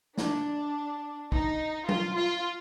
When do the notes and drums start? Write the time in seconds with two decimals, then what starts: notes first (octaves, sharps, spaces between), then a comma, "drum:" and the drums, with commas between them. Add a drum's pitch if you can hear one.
0.18 D4, drum: snare
1.32 D#4, drum: kick
1.89 F4, drum: tom F#3
2.17 F4